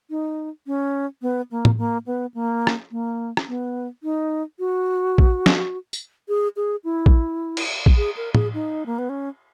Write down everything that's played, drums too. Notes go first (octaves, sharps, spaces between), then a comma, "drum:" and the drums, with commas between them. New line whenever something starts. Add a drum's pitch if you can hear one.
D#4
C#4
B3
A#3
drum: tom
A#3
B3
A#3
drum: rim click
A#3
drum: rim click
B3
D#4
F#4
drum: kick
drum: snare
drum: tambourine
G#4
G#4
E4
drum: kick
drum: cymbal
drum: kick
G#4
A#4
G#4, drum: tom
D#4
A#3
B3
C#4